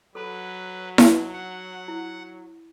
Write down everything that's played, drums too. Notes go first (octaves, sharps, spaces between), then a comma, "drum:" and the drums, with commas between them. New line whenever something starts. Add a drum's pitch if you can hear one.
F#3 A4 B4 B5
D#4 C#5, drum: snare E4
F#5
E4